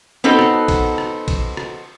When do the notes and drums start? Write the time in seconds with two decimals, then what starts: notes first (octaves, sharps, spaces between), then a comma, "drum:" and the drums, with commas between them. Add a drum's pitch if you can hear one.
0.24 B3 C4 D#4 F#4 A4
0.39 drum: rim click
0.68 drum: kick, cymbal
0.98 drum: rim click
1.28 drum: kick, cymbal
1.57 drum: rim click